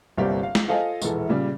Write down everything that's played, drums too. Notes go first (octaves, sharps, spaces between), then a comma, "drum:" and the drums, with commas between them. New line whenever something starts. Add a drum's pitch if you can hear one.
G1 C2 A#3 C4 G4 D5
F5
drum: snare
F4 A4 C5 D#5 F5 G#5
E1 A#1 E3 A4, drum: tambourine
A#2 C#3 G3